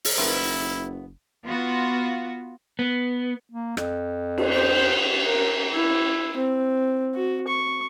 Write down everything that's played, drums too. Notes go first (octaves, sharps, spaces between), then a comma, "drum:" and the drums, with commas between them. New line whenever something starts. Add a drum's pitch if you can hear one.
drum: open hi-hat
F#1 D#3 F3 A3 B3 E4 B4
B3 F4 F#4
B3
A#3
F2, drum: rim click
drum: cymbal
C5
A#4
E4
C4
F#4
C#6